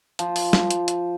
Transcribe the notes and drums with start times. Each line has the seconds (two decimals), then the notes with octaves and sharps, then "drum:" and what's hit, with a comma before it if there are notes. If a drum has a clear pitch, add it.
0.19 F3, drum: hi-hat
0.36 drum: open hi-hat
0.53 drum: snare
0.71 drum: hi-hat
0.88 drum: hi-hat